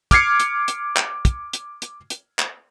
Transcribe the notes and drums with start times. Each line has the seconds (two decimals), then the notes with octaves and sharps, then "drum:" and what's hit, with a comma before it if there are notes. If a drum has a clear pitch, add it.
0.11 D6 F6 G#6 C7 C#7, drum: kick, hi-hat
0.40 drum: hi-hat
0.68 drum: hi-hat
0.96 drum: clap
1.25 drum: kick, hi-hat
1.53 drum: hi-hat
1.82 drum: hi-hat
2.10 drum: hi-hat
2.39 drum: clap